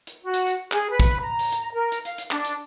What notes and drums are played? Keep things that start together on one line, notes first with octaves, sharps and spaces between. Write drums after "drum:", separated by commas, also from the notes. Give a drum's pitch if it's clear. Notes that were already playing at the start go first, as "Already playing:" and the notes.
drum: hi-hat
F#4
drum: hi-hat
drum: hi-hat
G#4, drum: clap
B4
drum: kick, hi-hat
A#5
drum: open hi-hat
drum: hi-hat
A#4
drum: hi-hat
F5, drum: hi-hat
drum: hi-hat
D4, drum: clap
drum: hi-hat